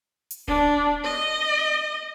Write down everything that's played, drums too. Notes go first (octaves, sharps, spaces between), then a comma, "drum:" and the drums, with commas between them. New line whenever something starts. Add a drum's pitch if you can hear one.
drum: hi-hat
D4, drum: kick D1
D#5